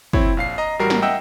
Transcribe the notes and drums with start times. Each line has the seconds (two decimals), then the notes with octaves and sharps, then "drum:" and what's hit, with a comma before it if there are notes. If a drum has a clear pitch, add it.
0.13 C4 E4 C#5, drum: kick
0.37 A#1 F5 C7
0.58 D#5 A#5
0.79 A1 G3 F#4 A#4 C7
0.90 drum: snare
1.02 D#5 E5 F#5 G5 E6